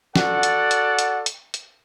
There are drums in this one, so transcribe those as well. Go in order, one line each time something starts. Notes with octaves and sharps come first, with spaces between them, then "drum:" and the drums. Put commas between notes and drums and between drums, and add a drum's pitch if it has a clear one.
F#4 A4 D5 F#5, drum: snare
drum: hi-hat
drum: hi-hat
drum: hi-hat
drum: hi-hat
drum: hi-hat